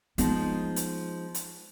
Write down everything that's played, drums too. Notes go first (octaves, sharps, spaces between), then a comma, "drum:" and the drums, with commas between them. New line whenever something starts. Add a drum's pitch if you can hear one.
F3 G#3 B3 D#4, drum: hi-hat
drum: hi-hat
drum: hi-hat